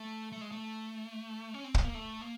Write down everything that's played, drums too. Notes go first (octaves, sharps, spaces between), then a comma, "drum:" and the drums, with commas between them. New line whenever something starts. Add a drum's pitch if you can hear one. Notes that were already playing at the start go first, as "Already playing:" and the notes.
Already playing: A3
A3
G#3
A3
C#4
C4
B3, drum: kick
A#3
A3
A#3